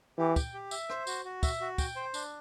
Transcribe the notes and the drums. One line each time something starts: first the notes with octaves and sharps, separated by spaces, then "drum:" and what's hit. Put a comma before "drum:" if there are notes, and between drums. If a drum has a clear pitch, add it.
E3 G4
G5, drum: kick, tambourine
G4
E5, drum: tambourine
C5, drum: rim click
F#4, drum: tambourine
F#4
E5, drum: kick, tambourine
F#4
G5, drum: kick, tambourine
C5
D4, drum: tambourine